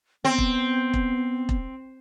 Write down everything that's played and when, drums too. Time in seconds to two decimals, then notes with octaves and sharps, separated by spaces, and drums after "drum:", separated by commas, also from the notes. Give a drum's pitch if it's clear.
0.25 B3 C4
0.38 drum: kick E1
0.94 drum: kick E1
1.49 drum: kick E1